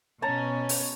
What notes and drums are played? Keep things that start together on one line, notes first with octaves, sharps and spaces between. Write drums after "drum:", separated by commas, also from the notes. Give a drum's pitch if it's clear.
B2 C#4 C#5 A5 A#5
drum: open hi-hat